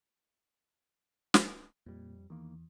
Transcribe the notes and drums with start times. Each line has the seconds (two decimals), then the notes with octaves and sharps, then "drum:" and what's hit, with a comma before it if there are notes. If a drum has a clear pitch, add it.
1.34 drum: snare
1.86 F2 A#2 G3
2.30 E2 D#3 A#3